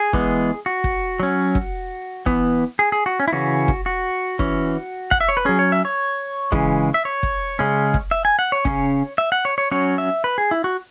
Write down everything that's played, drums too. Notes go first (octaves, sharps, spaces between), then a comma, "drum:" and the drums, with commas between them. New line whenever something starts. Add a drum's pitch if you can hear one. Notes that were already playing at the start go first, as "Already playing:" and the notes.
Already playing: G#4
E3 G#3 B3, drum: kick
F#4
drum: kick
F#3 C#4
drum: kick
E3 B3, drum: kick
G#4
G#4
F#4
C#4
E4
C#3 E3 C#4 F#4
drum: kick
F#4
E3 C#4, drum: kick
F#5, drum: kick
E5
C#5
B4
F#3 C#4 G#4
C#5
E5
C#5
C#3 E3 G#3, drum: kick
E5
C#5
drum: kick
C#3 G#3 C#4
drum: kick
E5
G#5
F#5
C#5
C#3 G#3 C#4, drum: kick
E5
F#5
C#5
C#5
F#3 C#4 C#5
E5
B4
G#4
E4
F#4